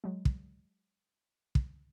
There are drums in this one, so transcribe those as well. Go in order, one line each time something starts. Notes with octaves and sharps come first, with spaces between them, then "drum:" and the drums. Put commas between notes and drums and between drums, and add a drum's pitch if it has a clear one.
F#3 G#3
drum: kick
drum: kick